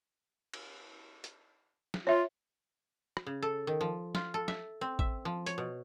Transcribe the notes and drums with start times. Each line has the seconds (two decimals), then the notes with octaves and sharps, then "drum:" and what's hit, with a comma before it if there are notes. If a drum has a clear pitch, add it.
0.53 drum: cymbal
1.24 drum: hi-hat
1.94 drum: snare
2.07 F4 C#5 E5
3.17 drum: rim click
3.27 C#3
3.43 A4
3.67 D#3
3.81 F3
4.15 F4, drum: snare
4.34 A4
4.48 E5, drum: snare
4.81 C4
4.99 E5, drum: kick
5.25 F3
5.46 C#5, drum: hi-hat
5.58 B2